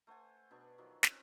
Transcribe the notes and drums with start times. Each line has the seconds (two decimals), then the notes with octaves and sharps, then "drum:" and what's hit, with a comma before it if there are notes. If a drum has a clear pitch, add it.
0.07 A3 C5 F#5 G#5
0.51 B2 D4 G#4 C#6
0.78 D#3 F3 F#3
1.03 C4 C#4, drum: snare